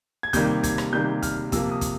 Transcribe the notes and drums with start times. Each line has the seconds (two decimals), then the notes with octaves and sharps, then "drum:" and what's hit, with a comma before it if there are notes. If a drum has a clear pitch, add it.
0.23 G#6
0.33 C3 D#3 G3 A#3 G6, drum: kick, hi-hat
0.63 G#6, drum: kick, hi-hat
0.78 drum: rim click
0.93 C3 D#3 G3 A#3 G6
1.22 F6, drum: kick, hi-hat
1.52 C3 F3 A#3 E6, drum: kick, hi-hat
1.71 D#6
1.81 drum: kick, hi-hat